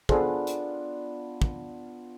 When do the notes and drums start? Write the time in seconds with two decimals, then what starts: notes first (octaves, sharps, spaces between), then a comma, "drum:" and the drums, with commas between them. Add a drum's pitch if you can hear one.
0.09 B3 D4 F4 G#4 A4 C5, drum: kick
0.47 drum: hi-hat
1.42 drum: kick